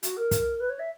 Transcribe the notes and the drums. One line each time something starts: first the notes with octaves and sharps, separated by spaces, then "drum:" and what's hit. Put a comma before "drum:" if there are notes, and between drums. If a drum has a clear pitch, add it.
F#4, drum: hi-hat
A#4
drum: kick, hi-hat
B4
C#5
E5